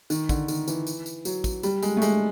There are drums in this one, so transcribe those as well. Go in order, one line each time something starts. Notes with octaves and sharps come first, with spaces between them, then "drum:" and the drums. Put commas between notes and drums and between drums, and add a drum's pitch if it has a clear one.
D#3, drum: tambourine
D3, drum: kick, tambourine
D#3, drum: tambourine
E3, drum: tambourine
drum: tambourine
drum: tambourine
F#3, drum: tambourine
drum: kick, tambourine
G3, drum: tambourine
G#3, drum: tambourine
A3
G#3, drum: tambourine